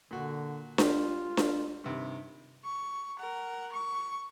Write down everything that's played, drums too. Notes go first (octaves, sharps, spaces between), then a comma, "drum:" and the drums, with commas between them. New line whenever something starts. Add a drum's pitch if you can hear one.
A#2 D3 F#4
F4 G4, drum: snare D4
drum: snare D4
G2 C3 D#3
C#6
A#4 F#5
C#6